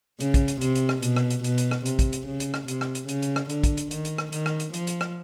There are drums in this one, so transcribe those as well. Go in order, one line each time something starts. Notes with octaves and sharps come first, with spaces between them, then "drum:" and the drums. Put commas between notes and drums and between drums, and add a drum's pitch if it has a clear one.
C#3, drum: hi-hat
drum: kick, hi-hat
drum: hi-hat
C3, drum: hi-hat
drum: hi-hat
drum: rim click
B2, drum: hi-hat
drum: rim click
drum: hi-hat
B2, drum: hi-hat
drum: hi-hat
drum: rim click
C3, drum: hi-hat
drum: kick, hi-hat
drum: hi-hat
C#3
drum: hi-hat
drum: rim click
C3, drum: hi-hat
drum: rim click
drum: hi-hat
C#3, drum: hi-hat
drum: hi-hat
drum: rim click
D3, drum: hi-hat
drum: kick, hi-hat
drum: hi-hat
D#3, drum: hi-hat
drum: hi-hat
drum: rim click
D#3, drum: hi-hat
drum: rim click
drum: hi-hat
F3, drum: hi-hat
drum: hi-hat
drum: rim click